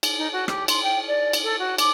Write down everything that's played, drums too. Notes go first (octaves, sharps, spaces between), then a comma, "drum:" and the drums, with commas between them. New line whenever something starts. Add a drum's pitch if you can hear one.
drum: cymbal
D#4
F#4
G4, drum: rim click
C6, drum: cymbal
G5
D5
drum: cymbal
A4
F#4
D6, drum: cymbal